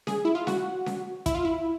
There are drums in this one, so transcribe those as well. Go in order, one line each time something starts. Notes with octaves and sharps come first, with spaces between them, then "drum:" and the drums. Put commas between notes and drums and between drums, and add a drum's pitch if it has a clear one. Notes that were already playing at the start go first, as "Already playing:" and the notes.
G#4, drum: snare C#4
E4
F4
F#4, drum: snare C#4
drum: snare C#4
E4, drum: kick, hi-hat
F4
E4